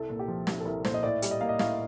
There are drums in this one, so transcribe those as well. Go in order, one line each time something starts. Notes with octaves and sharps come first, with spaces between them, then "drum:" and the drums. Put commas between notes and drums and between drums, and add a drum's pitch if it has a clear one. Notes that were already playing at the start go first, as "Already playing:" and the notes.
Already playing: C2 A4
A#2
G4
F3
C2 G4, drum: snare
A4
C2 A#4
A#2 C5, drum: snare
D#5
A2 D5
G3, drum: hi-hat
D#5
A#3 F5
D#5
A2 F5, drum: snare